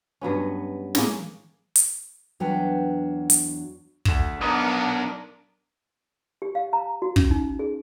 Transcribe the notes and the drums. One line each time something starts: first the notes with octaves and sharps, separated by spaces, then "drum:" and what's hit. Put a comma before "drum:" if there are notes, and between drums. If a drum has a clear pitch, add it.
G2 F#3 B3 C#4
A2 A#3 C#4 G#4, drum: snare
drum: hi-hat
E2 F#3 D4 B4 G5 G#5
drum: hi-hat
D2 E7, drum: kick
B1 B3 D4 A#4 D#5 A#5 D#6
G4
F5
A#5
F#4
C#4, drum: kick
D#4
G#4